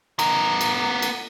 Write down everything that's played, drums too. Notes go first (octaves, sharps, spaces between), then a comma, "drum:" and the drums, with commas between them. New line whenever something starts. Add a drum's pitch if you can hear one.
B3 A#4, drum: cymbal
drum: cymbal
drum: cymbal